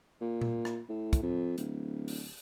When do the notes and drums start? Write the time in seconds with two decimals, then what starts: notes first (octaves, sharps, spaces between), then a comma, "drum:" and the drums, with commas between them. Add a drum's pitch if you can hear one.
0.21 A#2
0.41 drum: tom A#2
0.65 drum: rim click
0.89 A2
1.13 drum: kick, hi-hat
1.22 F2
1.58 D1, drum: hi-hat
2.08 drum: open hi-hat